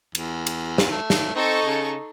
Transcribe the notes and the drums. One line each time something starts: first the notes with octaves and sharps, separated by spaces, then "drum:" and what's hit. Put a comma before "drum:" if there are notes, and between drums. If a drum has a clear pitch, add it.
E2, drum: cymbal
drum: cymbal
drum: snare
A3
drum: snare
C4 D#4 A4 C#6
C#3